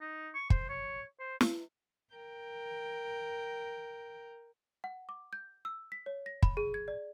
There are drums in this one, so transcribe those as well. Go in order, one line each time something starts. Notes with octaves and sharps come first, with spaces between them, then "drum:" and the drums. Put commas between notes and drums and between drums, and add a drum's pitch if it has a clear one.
D#4
C#6
C5, drum: kick
C#5
C5
drum: snare
A#4 G5
F#5
D6
G6
E6
B6
C#5
A#6
B5, drum: kick
G#4
G#6
D5